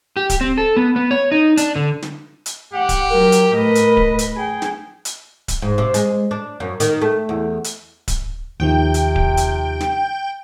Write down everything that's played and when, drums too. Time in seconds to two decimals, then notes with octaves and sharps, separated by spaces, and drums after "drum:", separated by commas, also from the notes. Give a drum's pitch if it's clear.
0.16 G4
0.30 drum: kick D1, hi-hat
0.41 C4
0.58 A4
0.76 B3
0.96 B3
1.11 C#5
1.32 D#4
1.57 D4, drum: hi-hat
1.76 D3
2.02 drum: snare
2.46 drum: hi-hat
2.73 G4 F#5
2.89 drum: kick D1, hi-hat
3.10 F#3 A#4
3.32 drum: hi-hat
3.54 A2 B4 D#5
3.75 drum: hi-hat
3.97 drum: kick D1
4.19 drum: hi-hat
4.35 G#4 G5
4.62 drum: snare
5.05 drum: hi-hat
5.48 drum: kick D1, hi-hat
5.62 G#2
5.78 C3
5.94 G#3, drum: hi-hat
6.31 D4
6.60 F#2
6.80 D#3, drum: hi-hat
7.01 A3
7.29 E2
7.64 drum: hi-hat
8.08 drum: kick D1, hi-hat
8.60 D#2 C3 D#3 F3 G5
8.94 drum: hi-hat
9.16 drum: kick D1
9.37 drum: hi-hat
9.80 drum: snare